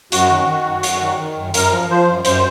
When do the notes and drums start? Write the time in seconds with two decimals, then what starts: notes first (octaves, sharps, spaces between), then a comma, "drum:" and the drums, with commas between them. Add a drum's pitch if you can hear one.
0.12 F#2 F#4, drum: hi-hat
0.30 D#3
0.48 D#3
0.65 F#2
0.83 F#2, drum: hi-hat
1.01 D#3
1.19 D#3
1.37 F#2
1.54 F#2 A#4, drum: hi-hat
1.71 F3
1.90 F3 C5
2.08 F#2
2.25 F#2 C5, drum: hi-hat